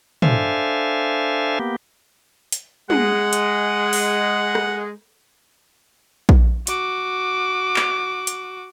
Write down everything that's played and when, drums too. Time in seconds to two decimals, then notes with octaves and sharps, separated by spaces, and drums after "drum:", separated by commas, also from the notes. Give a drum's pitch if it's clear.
0.22 D4 A4 C5 E5 F5 G#5, drum: tom
1.59 A#3 B3 G4
2.52 drum: hi-hat
2.90 G#3 F#5, drum: tom
3.33 drum: hi-hat
3.93 drum: open hi-hat
4.55 drum: rim click
6.29 drum: kick A#1
6.67 F#4 D6, drum: hi-hat
7.76 drum: clap
8.27 drum: hi-hat